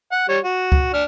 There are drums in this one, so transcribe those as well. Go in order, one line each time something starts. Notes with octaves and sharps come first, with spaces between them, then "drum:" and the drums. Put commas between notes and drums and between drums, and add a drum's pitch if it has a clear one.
F#5
G3 C#5
F#4
drum: kick C#2
D4 F6